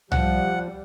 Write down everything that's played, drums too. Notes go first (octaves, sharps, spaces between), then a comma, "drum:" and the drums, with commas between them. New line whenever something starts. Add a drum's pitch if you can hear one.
F3 G3 F#5, drum: tom C2